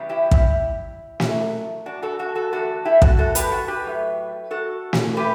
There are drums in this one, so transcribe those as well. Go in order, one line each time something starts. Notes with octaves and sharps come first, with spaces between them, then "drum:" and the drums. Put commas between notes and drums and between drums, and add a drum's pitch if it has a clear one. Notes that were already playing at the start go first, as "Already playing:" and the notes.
Already playing: C#3 E3 G3 B3
E4 G4
E4 G4, drum: kick
B2 F#3 A3, drum: snare
D4 F#4
F#4 A4
F#4 A4
F#4 A4
E2 D3 A3 F#4 A4
E4 G4
F#4 A4, drum: kick
F#4 A4
G4 B4, drum: hi-hat
F#4 A4
G4 B4
A2 F#3 A3
F#4 A4
drum: snare
A2 E3 G4 B4